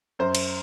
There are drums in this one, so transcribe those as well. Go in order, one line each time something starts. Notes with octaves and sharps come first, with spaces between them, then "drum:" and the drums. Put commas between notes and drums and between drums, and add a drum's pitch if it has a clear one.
F#2 C5
drum: cymbal